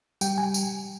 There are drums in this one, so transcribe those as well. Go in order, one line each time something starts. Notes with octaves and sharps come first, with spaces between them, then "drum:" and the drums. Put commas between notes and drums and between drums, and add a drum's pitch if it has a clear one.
G3 G5, drum: tambourine
G#5
drum: tambourine